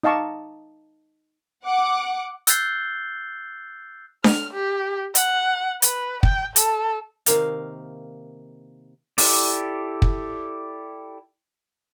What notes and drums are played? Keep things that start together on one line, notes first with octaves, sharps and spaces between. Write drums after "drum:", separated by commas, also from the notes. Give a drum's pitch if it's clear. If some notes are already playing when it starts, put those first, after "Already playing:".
D#4 D#5 F5 A5 C#6 D6
F#5 D6
E6 F#6 G6 A6 C7 G7, drum: hi-hat
F6, drum: snare D4
G4
F#5, drum: hi-hat
B4, drum: hi-hat
G5, drum: kick
A4, drum: hi-hat
C3 D#3 A#3 F5, drum: hi-hat
E4 G4 A4 D5, drum: open hi-hat
drum: kick